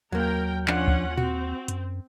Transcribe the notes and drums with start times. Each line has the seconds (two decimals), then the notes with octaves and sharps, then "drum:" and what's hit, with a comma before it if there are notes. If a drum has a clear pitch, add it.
0.12 D#2 F#3 A#3 A#4 G5
0.68 F3 C#4 D4 F4 F#5, drum: clap
0.88 drum: kick C#2
1.18 C4 F#4, drum: tom A#2
1.68 F#2, drum: hi-hat